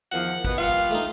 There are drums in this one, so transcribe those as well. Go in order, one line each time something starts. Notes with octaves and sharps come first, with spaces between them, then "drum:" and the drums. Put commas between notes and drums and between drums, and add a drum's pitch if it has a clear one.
E2 D#3 F3 F#5
B2 B3, drum: kick
G3 A#3 F4 F5
A3 D#4